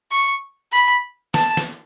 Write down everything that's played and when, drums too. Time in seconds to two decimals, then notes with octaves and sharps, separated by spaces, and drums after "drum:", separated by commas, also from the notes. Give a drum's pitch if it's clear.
0.11 C#6
0.72 B5
1.34 A5, drum: snare
1.57 drum: snare